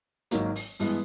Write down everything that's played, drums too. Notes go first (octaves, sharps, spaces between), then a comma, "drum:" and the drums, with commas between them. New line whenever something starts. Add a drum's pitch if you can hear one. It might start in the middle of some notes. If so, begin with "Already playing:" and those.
G#1 G#2 D#3 F#3 A#3, drum: hi-hat
drum: open hi-hat
G2 E3 G#3 B3, drum: open hi-hat